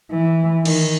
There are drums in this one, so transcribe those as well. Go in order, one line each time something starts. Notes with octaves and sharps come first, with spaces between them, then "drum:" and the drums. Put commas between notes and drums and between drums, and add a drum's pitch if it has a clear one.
E3
D#3, drum: cymbal